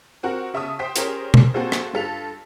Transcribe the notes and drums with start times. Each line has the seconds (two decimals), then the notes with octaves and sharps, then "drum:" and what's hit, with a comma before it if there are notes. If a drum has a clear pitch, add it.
0.23 C4 F#4 A#4 F#5
0.54 C#3 E5 A5 C#6 D#6
0.79 C5 G5 B6 C7
0.96 C#4 G4 G#4 A#4 C5 C#5, drum: hi-hat
1.34 drum: tom
1.54 A#3 C4 F#4 G#4 A4 C5
1.72 drum: rim click
1.93 G2 F4 A4 B6 F7